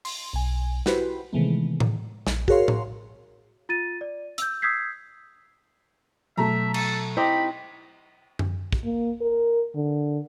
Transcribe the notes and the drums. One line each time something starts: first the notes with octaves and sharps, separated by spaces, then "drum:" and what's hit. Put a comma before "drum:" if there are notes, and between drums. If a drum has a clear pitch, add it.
C6, drum: open hi-hat
B1 G#5
E4 F#4 G4 B4 C5, drum: snare
C3 D#3 E3 G#3 A3 B3
drum: tom A2
A#1, drum: snare
F#4 G#4 A#4 C#5 F5 C6, drum: kick
drum: tom A2
F4 A6 D#7
D5
E6 G6, drum: hi-hat
D#6 E6 G6 G#6 B6 C7
B2 F#3 A3 E5 A#5
A4, drum: cymbal
C4 D#4 E4 G4 B5
drum: tom F#2
drum: kick
A#3
A#4
D3